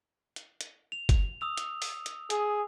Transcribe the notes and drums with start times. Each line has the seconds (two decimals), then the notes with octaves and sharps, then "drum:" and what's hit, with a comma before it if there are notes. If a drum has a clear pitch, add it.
0.36 drum: hi-hat
0.61 drum: hi-hat
0.92 F7
1.09 drum: kick G1, hi-hat
1.41 D#6 E6 F7
1.57 drum: hi-hat
1.82 drum: open hi-hat
2.06 drum: hi-hat
2.30 G#4, drum: hi-hat